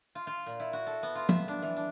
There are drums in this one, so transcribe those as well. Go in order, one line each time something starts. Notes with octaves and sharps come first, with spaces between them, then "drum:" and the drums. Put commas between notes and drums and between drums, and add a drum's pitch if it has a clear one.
F4
F4
A#2
E4
F#4
A4
B3
F4
E5, drum: tom F3
D4
E3
D4